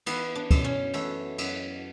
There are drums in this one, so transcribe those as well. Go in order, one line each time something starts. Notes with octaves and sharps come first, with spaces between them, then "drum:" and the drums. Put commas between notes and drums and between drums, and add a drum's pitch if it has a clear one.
E3 B3, drum: cymbal
D4
F#2, drum: kick, cymbal
C#4
E3 A3, drum: cymbal
F#2, drum: cymbal